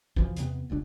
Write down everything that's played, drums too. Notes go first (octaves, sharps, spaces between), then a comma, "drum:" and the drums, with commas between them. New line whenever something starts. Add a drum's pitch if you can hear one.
F2 B2 E3 F3, drum: kick
E2 C3 B3, drum: hi-hat
E1 C#2 B3 D4